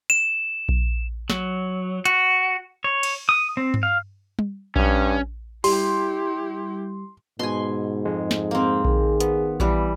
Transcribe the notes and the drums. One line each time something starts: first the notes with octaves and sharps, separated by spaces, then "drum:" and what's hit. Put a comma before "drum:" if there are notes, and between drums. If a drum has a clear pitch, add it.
E7
drum: kick A#1
F#3, drum: snare
F#4, drum: hi-hat
C#5
drum: cymbal
D#6
C4
drum: tom G2
F5
drum: tom G3
G2 C#4, drum: kick A#1
G3 E4 G4 C6, drum: open hi-hat
G#2 B2 G#5 C6
F2 G#3
drum: snare
A#3 C4
D#3 G#4, drum: kick A#1
B3, drum: hi-hat
E3 G3, drum: kick A#1